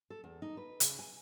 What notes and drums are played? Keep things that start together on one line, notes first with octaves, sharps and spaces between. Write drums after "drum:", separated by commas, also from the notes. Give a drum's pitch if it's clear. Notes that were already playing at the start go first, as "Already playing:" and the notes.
A4
E2
D#4
B4
C#3, drum: hi-hat
G#5